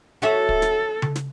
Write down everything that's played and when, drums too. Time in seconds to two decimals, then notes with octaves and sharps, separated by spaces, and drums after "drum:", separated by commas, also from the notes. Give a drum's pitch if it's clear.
0.22 F#4 A4 C#5 E5
0.49 drum: kick
0.62 drum: snare
1.02 drum: tom C#3
1.16 drum: snare